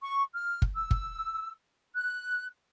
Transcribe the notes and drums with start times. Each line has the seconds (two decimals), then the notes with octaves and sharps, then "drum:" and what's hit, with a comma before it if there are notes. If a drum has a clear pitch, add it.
0.02 C#6
0.34 F6
0.62 drum: kick
0.75 E6
0.91 drum: kick
1.95 F#6